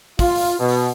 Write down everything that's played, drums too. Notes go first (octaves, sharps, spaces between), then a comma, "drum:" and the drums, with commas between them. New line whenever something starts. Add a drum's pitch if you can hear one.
F4, drum: kick, open hi-hat
drum: open hi-hat
B2
drum: open hi-hat